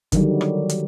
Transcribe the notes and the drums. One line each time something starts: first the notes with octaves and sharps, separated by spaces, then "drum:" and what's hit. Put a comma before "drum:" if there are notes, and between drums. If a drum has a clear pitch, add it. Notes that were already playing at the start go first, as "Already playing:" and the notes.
D3 D#3 F#3 G3, drum: kick, hi-hat
drum: rim click
drum: hi-hat